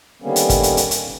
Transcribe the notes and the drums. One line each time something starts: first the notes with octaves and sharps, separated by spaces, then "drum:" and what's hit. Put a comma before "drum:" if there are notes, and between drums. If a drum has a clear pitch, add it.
D3 D#3 G3 A#3 B3 C#4
drum: hi-hat
drum: kick, hi-hat
drum: hi-hat
drum: hi-hat
drum: hi-hat